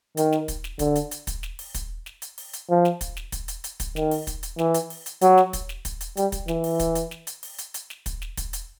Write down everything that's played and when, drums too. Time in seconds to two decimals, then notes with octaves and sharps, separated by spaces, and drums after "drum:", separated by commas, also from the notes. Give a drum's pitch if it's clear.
0.17 D#3, drum: hi-hat
0.32 drum: snare
0.48 drum: kick, hi-hat
0.64 drum: snare
0.79 D3, drum: kick, hi-hat
0.96 drum: hi-hat
1.11 drum: hi-hat
1.27 drum: kick, hi-hat
1.43 drum: snare
1.59 drum: open hi-hat
1.75 drum: kick, hi-hat
2.06 drum: snare
2.22 drum: hi-hat
2.38 drum: open hi-hat
2.53 drum: hi-hat
2.70 F3
2.85 drum: snare
3.01 drum: kick, hi-hat
3.17 drum: snare
3.32 drum: kick, hi-hat
3.48 drum: hi-hat
3.64 drum: hi-hat
3.80 drum: kick, hi-hat
3.96 D#3, drum: snare
4.11 drum: open hi-hat
4.27 drum: kick, hi-hat
4.43 drum: hi-hat
4.59 E3, drum: snare
4.74 drum: hi-hat
4.90 drum: open hi-hat
5.06 drum: hi-hat
5.22 F#3, drum: hi-hat
5.38 drum: snare
5.53 drum: kick, hi-hat
5.69 drum: snare
5.85 drum: kick, hi-hat
6.01 drum: hi-hat
6.17 G3, drum: hi-hat
6.32 drum: kick, hi-hat
6.48 E3, drum: snare
6.64 drum: open hi-hat
6.80 drum: kick, hi-hat
6.95 drum: hi-hat
7.11 drum: snare
7.27 drum: hi-hat
7.43 drum: open hi-hat
7.59 drum: hi-hat
7.74 drum: hi-hat
7.90 drum: snare
8.06 drum: kick, hi-hat
8.22 drum: snare
8.37 drum: kick, hi-hat
8.53 drum: hi-hat